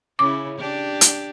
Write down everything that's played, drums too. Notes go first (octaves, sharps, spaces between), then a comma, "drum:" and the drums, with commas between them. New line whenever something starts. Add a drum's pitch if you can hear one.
C#3 C#4 E4 D6
D4 G4
drum: hi-hat